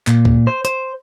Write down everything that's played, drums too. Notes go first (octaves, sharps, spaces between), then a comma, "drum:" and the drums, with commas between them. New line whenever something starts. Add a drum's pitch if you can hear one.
A#2, drum: clap
drum: kick C#2
C5
C5, drum: hi-hat